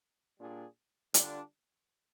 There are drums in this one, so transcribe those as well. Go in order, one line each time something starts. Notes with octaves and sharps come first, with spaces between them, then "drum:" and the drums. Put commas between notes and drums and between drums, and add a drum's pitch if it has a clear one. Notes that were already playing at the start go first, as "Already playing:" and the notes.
A#2 G3 D4 F4 G#4
D3 G3 D4 F4, drum: hi-hat